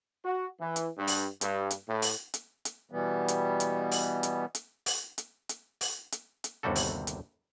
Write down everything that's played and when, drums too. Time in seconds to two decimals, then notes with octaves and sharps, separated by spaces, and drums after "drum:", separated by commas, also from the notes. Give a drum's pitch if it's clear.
0.24 F#4
0.60 E3
0.76 drum: hi-hat
0.98 G2
1.07 drum: open hi-hat
1.41 G2, drum: hi-hat
1.70 drum: hi-hat
1.88 A2
2.02 drum: open hi-hat
2.34 drum: hi-hat
2.65 drum: hi-hat
2.91 B2 E3 G3 B3
3.28 drum: hi-hat
3.60 drum: hi-hat
3.91 drum: open hi-hat
4.23 drum: hi-hat
4.55 drum: hi-hat
4.86 drum: open hi-hat
5.18 drum: hi-hat
5.49 drum: hi-hat
5.81 drum: open hi-hat
6.12 drum: hi-hat
6.44 drum: hi-hat
6.63 G1 D#2 C3 G3 F#4 A4
6.75 drum: open hi-hat
7.07 drum: hi-hat